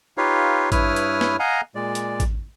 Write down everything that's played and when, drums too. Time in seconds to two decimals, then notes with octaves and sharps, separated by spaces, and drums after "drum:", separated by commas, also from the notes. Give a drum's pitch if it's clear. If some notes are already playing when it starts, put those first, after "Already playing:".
0.18 D#4 F4 G4 B4 C#5 F5
0.72 G2 E4 B4 C#5 D#6 F6, drum: kick A1, hi-hat
0.96 drum: hi-hat
1.21 drum: snare
1.39 D#5 F5 F#5 G#5 A#5
1.75 A#2 G#3 D5
1.95 drum: hi-hat
2.20 drum: kick A1, hi-hat